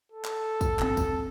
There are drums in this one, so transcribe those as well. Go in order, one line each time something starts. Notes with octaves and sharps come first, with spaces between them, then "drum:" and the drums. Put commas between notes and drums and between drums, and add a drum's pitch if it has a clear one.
A4
drum: clap
drum: kick, tambourine
G#1 C3 C4, drum: clap
drum: kick, tambourine